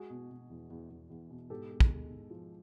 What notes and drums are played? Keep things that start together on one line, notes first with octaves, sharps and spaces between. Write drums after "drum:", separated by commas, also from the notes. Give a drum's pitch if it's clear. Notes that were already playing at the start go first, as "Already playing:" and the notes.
Already playing: G#3 F#4 G#4
B2
B2
E2
E2
E2
E2
B2
G#2 G4 A4
G#3
drum: kick
G#3
G#2
F3